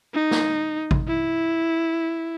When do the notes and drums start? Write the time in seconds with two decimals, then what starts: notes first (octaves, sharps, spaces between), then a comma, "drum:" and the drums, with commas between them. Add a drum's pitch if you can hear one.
0.14 D#4
0.31 drum: snare
0.91 drum: kick G#1
1.08 E4